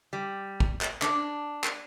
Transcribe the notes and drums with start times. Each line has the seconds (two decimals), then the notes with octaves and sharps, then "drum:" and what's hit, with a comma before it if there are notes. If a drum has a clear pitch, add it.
0.13 G3
0.60 drum: kick
0.81 drum: clap
1.02 D4, drum: clap
1.64 drum: clap